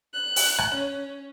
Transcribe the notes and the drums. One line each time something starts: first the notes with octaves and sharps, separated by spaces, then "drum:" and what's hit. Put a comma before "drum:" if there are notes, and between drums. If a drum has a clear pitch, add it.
F#6
drum: open hi-hat
drum: rim click
C#4